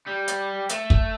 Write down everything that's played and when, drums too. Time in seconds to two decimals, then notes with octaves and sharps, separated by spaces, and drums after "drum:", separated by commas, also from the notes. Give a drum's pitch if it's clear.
0.07 G3
0.28 drum: hi-hat
0.69 A3, drum: hi-hat
0.90 drum: kick